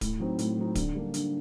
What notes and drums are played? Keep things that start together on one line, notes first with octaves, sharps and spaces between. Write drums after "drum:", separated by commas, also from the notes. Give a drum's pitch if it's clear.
A2, drum: kick D1, hi-hat
F#3 C4 D#4
A2, drum: hi-hat
F#3 C4 D#4
D3, drum: kick D1, hi-hat
G3 A#3 D4
D3, drum: hi-hat